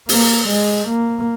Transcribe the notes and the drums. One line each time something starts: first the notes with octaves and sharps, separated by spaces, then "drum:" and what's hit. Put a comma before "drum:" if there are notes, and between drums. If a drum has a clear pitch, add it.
A#3, drum: open hi-hat
G#3
A#3